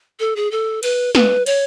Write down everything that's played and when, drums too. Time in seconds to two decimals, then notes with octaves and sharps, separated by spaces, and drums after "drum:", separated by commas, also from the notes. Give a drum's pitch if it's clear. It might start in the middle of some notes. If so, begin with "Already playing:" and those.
0.20 A4
0.36 G#4
0.51 A4
0.83 B4, drum: cymbal
1.15 B4, drum: snare
1.46 C#5, drum: cymbal